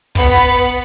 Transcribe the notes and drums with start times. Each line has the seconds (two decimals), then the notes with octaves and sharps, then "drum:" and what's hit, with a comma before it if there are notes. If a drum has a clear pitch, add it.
0.15 B3 B5 C#7, drum: kick
0.54 drum: hi-hat